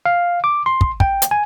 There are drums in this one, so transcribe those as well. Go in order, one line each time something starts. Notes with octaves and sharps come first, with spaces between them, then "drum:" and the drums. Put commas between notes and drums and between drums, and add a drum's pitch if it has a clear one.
F5
D6
C6
drum: kick
G5, drum: kick
drum: hi-hat
G#5